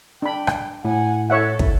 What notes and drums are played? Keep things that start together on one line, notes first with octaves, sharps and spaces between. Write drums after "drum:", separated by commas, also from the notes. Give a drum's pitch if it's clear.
D4 G5 B5
drum: rim click
A2 F#5 G#5
E4 A4 C#5 E5 F#5
drum: kick